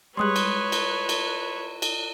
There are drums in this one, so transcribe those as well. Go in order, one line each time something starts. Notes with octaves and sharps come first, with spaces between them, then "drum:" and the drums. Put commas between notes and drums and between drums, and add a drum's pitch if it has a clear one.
G3 G#3 B4 C#5 C6 D#6 F#6
drum: cymbal
drum: cymbal
drum: cymbal
drum: cymbal